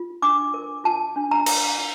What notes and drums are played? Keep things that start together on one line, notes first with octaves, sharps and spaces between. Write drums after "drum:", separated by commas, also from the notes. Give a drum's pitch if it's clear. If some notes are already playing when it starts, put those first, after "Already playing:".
Already playing: F4
D4 D6
A#4
F4 A5
D4
A#5
A#4, drum: cymbal
E4